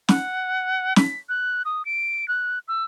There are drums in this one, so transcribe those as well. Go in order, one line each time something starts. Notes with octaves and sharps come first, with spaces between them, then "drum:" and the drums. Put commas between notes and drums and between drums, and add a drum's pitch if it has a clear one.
F#5, drum: snare
B6, drum: snare
F#6
D#6
D7
F#6
E6